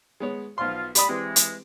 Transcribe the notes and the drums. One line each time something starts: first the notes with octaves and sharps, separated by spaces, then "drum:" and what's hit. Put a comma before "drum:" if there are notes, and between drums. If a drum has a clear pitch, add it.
G#3 B3 C#5
B1 F3 F4 C6
G4 D5 B5 D#6, drum: hi-hat
E3 G#3 C4 G4
drum: hi-hat